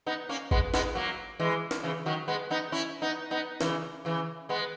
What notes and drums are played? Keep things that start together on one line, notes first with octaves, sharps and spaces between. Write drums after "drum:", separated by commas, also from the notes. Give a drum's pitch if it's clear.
B3 D#4
A#3 C#4
G#3 B3, drum: kick G#1
G#3 B3, drum: snare
F#3 A#3
E3 G#3
drum: snare
C#3 E3
D#3 F#3
G#3 B3
B3 D#4
C#4 E4
B3 D#4
B3 D#4
C#3 E3, drum: snare
C#3 E3
G#3 B3